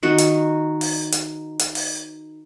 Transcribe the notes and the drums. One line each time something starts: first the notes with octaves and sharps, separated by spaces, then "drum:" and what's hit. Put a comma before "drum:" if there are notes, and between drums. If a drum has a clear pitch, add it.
D#3 F#4
drum: hi-hat
drum: open hi-hat
drum: hi-hat
drum: hi-hat
drum: open hi-hat